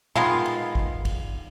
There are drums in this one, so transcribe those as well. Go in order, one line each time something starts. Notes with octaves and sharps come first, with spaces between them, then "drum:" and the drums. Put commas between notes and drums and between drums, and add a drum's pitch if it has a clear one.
D#3 G#3 B3 F4, drum: tom A#2
drum: cymbal
drum: kick
drum: kick, cymbal